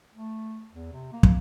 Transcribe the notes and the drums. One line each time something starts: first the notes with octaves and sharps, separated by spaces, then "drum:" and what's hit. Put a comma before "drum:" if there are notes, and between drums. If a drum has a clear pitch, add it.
A3
E2
C3
A#3
drum: kick